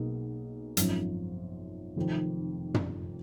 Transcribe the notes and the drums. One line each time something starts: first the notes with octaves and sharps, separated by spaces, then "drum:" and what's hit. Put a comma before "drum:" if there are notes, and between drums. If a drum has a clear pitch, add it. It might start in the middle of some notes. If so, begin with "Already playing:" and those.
Already playing: B1 B2 A#3 D#4 G#4
G#1 F#2 F3, drum: hi-hat
F1 F2 D#3
drum: tom